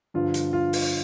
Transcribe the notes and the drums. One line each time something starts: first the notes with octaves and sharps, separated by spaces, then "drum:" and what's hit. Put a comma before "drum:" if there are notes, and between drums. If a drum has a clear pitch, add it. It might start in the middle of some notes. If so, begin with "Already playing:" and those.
G2 D3 F3 F4
drum: hi-hat
F4
drum: open hi-hat